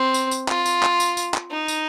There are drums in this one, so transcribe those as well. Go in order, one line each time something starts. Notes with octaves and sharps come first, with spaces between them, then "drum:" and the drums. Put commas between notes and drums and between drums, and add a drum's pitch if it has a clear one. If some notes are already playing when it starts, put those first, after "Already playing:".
Already playing: C4
drum: tambourine
drum: tambourine
F4, drum: clap
drum: tambourine
drum: clap
drum: tambourine
drum: tambourine
drum: clap
D#4
drum: tambourine